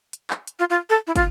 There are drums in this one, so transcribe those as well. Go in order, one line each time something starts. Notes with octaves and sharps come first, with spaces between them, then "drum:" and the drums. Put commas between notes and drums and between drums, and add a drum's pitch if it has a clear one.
drum: hi-hat
drum: clap
drum: hi-hat
F4
F4
A4
E4
F4, drum: kick, hi-hat